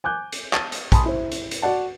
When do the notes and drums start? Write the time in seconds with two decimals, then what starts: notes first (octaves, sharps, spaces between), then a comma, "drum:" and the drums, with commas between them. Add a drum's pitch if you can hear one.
0.04 G#5 D6 F#6 G6
0.32 drum: hi-hat
0.53 A5 A6 D#7, drum: clap
0.72 drum: hi-hat
0.92 G#5 A5 B5 C6 D#6, drum: kick A#1, hi-hat
1.06 E4 C5
1.32 drum: hi-hat
1.51 drum: hi-hat
1.62 F#4 D5 F#5 A5